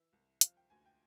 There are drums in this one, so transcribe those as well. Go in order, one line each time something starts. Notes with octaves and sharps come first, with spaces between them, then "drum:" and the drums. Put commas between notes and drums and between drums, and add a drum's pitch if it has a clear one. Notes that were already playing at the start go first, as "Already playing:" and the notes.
Already playing: E3 E5
C2
F3 F5, drum: hi-hat
G5
D2 G#5
G5